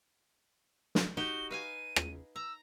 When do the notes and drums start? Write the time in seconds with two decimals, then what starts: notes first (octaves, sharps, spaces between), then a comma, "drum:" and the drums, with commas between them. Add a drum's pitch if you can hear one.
0.95 drum: snare
1.17 D#4 F#4 G4 G7
1.51 B4 F5 G#5 D#7
1.96 drum: rim click
2.36 A#5 E6